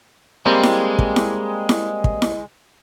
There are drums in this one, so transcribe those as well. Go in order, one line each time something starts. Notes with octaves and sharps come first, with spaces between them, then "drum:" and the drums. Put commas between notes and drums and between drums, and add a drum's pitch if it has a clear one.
G3 G#3 A#3 C4
drum: snare E4
drum: kick
drum: snare E4
drum: snare E4
drum: kick
drum: snare E4